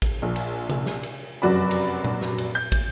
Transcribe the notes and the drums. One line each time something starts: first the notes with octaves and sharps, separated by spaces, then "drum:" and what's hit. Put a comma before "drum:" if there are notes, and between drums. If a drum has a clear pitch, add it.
drum: kick, cymbal
A#1
drum: cymbal
drum: tom C3
drum: snare
drum: cymbal
F1 F#2 F#3 F#4 D5 B5
drum: cymbal
drum: tom A#2
drum: snare
drum: cymbal
G6
drum: kick, cymbal